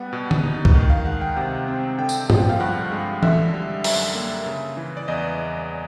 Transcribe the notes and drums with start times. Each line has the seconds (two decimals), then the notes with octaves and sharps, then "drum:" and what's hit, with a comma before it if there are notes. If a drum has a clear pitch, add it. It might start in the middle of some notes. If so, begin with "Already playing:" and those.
Already playing: G3 B3 F#5
0.13 B2
0.31 drum: tom D3
0.44 D#4
0.65 drum: kick C#2
0.75 D#3
0.90 F5
1.05 G#3 F#5
1.21 G5
1.37 C3 F#5
1.68 C4
1.98 D3 G5
2.09 drum: tambourine
2.30 F3, drum: tom G2
2.49 F5
2.60 G2 F#5
2.92 G#3
3.23 D3 E5, drum: tom E3
3.53 G3
3.84 F#2 E5, drum: open hi-hat
4.15 A#3
4.46 C#3
4.77 E3
4.97 D5
5.08 E2 D#5